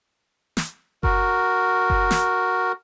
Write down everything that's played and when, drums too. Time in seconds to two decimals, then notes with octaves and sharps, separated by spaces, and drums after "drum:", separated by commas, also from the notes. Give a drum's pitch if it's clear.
0.57 drum: snare
1.03 F#4 A#4, drum: kick F#1
1.90 drum: kick F#1
2.11 drum: snare